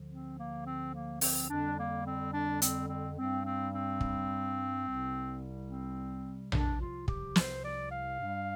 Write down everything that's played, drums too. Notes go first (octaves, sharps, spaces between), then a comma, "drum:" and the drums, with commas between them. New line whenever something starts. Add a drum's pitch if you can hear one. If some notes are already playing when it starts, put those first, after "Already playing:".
Already playing: D2 D3 F3
C4
A#3
C4
A#3
C4, drum: open hi-hat
F2 D3 G3 D4
A#3
C4
D4
C4, drum: hi-hat
C4
G2 G3 C4
C4
C4
drum: kick
C2 C3 G3
C4
C2 C3 F3 D4, drum: tom A#1
F4
G4, drum: kick
C5, drum: snare
D5
F5
G2 G3